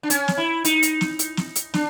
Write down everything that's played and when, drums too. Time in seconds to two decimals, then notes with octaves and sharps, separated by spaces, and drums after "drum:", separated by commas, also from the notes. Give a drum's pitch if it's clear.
0.03 D4
0.10 C#4, drum: hi-hat
0.28 drum: snare
0.37 E4
0.65 D#4, drum: hi-hat
0.83 drum: hi-hat
1.01 drum: snare
1.19 drum: hi-hat
1.37 drum: snare
1.55 drum: hi-hat
1.74 D4, drum: snare